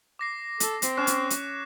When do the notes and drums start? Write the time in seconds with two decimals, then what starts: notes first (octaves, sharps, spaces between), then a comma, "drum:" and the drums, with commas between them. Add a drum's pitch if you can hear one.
0.19 D6 A#6 C7
0.60 A4, drum: hi-hat
0.82 C4, drum: hi-hat
0.97 C#4 F#6 C7 E7
1.07 drum: hi-hat
1.30 drum: hi-hat